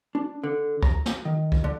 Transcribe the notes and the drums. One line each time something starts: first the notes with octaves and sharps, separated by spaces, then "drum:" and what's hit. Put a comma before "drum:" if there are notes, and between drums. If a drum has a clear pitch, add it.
D4
D3
A#5, drum: kick
drum: snare
D#3
drum: kick
D3